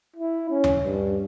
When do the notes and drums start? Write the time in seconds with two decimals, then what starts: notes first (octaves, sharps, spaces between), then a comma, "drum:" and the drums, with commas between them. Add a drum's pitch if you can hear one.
0.16 E4
0.50 C#4
0.64 drum: tom D#2
0.84 G2